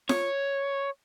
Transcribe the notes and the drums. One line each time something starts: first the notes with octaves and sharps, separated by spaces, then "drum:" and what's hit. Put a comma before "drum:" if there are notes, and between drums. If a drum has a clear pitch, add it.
C#5, drum: snare F4